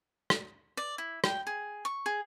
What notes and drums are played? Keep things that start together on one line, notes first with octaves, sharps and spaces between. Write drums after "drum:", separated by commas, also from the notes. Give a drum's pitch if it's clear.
drum: rim click
D5
E4
G5, drum: rim click
G#4
C#6
G#4